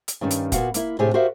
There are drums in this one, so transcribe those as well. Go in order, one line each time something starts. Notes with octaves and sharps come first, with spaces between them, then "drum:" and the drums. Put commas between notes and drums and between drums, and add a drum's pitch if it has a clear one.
drum: hi-hat
G2 D#3 C#4 D4
drum: hi-hat
A#2 B3 F#4 F5 F#5, drum: kick F1, hi-hat
A#3 E4, drum: hi-hat
A2 C3 A3 D4 G4 G#4
F#4 G4 A#4 C5 E5 F5